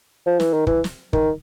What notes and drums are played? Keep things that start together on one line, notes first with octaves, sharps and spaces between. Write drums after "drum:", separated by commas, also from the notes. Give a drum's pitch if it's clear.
F3
E3, drum: snare
D#3
E3, drum: kick
drum: snare
D#3, drum: kick